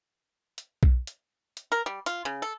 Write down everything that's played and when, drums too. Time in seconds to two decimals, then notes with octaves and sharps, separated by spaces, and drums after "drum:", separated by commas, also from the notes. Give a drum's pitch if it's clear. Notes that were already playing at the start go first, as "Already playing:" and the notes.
0.58 drum: hi-hat
0.83 drum: kick B1
1.07 drum: hi-hat
1.57 drum: hi-hat
1.72 A#4
1.86 G3
2.06 F4, drum: hi-hat
2.25 C#3
2.42 A4